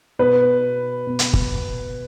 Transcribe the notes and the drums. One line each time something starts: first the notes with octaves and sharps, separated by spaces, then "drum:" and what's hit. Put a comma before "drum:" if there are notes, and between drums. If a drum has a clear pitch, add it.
B2 B4
B2
drum: hi-hat
drum: kick G1